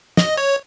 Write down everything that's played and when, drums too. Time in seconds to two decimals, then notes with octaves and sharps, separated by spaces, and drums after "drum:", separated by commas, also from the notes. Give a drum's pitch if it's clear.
0.17 D#5, drum: snare
0.37 C#5